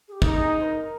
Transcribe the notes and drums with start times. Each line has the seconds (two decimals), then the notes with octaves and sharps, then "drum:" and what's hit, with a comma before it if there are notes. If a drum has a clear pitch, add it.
0.08 G#4
0.12 G4
0.22 D#4, drum: kick
0.34 A#4
0.37 G#4
0.60 C5
0.64 A#4